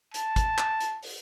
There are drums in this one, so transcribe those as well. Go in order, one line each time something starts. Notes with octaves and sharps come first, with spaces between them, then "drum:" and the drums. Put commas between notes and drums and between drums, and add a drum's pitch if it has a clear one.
A5, drum: hi-hat
drum: kick, hi-hat
drum: clap
drum: hi-hat
drum: open hi-hat